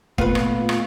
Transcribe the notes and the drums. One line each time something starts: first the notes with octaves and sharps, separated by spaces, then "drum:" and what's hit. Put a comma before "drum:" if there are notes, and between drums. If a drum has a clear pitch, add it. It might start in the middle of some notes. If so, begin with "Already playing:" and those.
A#2 A3 B3 F4 B4, drum: kick G1
drum: rim click
drum: rim click